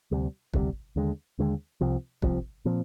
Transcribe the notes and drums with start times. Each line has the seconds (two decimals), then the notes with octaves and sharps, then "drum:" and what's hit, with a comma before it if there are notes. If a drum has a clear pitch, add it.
0.11 D2 C3 G3
0.54 D2 C3 G3, drum: kick
0.96 D#2 D3 G#3
1.39 D#2 D3 G#3
1.81 C2 C3 F3
2.22 C2 C3 F3, drum: kick
2.65 A#2 F3 C4